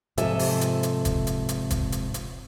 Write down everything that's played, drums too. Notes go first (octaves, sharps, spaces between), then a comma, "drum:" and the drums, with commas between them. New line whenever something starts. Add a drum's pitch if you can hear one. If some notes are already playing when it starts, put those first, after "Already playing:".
G#2 C3 F3 A4 E5 G#5, drum: hi-hat
drum: open hi-hat
drum: hi-hat
drum: hi-hat
drum: kick, hi-hat
drum: hi-hat
drum: hi-hat
drum: kick, hi-hat
drum: hi-hat
drum: hi-hat